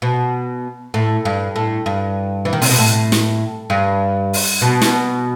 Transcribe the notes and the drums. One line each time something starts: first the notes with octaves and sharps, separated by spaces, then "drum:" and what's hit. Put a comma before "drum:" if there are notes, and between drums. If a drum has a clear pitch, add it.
B2
A2
G2
A2
G2
E3
D#3
C3, drum: open hi-hat
B2
A2
drum: snare
G2
drum: open hi-hat
B2
drum: snare